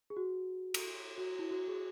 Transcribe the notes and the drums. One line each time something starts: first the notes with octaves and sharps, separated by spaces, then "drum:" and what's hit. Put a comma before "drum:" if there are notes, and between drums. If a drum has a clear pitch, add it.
G#4
F#4
drum: cymbal
F#4
E4
F#4
G#4